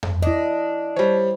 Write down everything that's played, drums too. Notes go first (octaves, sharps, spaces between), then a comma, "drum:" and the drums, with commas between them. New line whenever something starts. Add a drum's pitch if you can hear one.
drum: tom F2
D4 E4 D#5
G3 C5 C#5